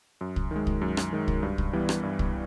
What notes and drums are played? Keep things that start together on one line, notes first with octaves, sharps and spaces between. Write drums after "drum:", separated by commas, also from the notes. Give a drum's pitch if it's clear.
F#2
drum: kick
D#3 G#3
drum: kick
F#2
drum: rim click
D#3 G#3
drum: kick
G2
drum: kick
E3 G3 B3
drum: rim click
G2
drum: kick